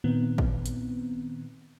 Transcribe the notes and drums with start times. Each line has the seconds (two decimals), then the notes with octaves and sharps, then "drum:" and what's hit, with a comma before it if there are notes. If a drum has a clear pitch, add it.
0.04 A#2 D#3 B3 C4
0.38 drum: kick
0.66 drum: hi-hat